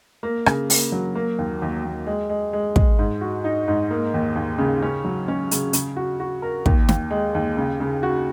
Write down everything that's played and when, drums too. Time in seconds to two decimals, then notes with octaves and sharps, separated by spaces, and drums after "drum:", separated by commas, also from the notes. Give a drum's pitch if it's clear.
0.23 A#3
0.46 C#3, drum: rim click
0.70 A#3, drum: open hi-hat
0.92 F#3
1.15 A#3
1.38 D#2
1.62 D#2
1.84 D#2
2.07 G#3
2.30 G#3
2.53 G#3
2.76 G#3, drum: kick
2.99 G#2
3.21 F#4
3.44 D#4
3.68 G#2
3.91 A#3
4.14 D#2
4.36 D#2
4.58 C#3
4.82 C#4
5.05 F#3
5.28 C#4
5.51 C#3, drum: hi-hat
5.73 C#3, drum: hi-hat
5.96 F#4
6.20 F#4
6.42 A#4
6.66 D#2, drum: kick
6.89 D#2, drum: snare
7.11 G#3
7.35 D#2
7.57 C#3
7.80 C#3
8.03 F#4